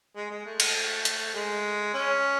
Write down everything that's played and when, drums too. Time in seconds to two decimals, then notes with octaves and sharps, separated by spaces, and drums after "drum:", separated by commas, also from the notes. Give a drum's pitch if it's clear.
0.16 G#3
0.31 G#3
0.46 A3
0.60 drum: cymbal
1.05 drum: hi-hat
1.35 G#3
1.94 C#4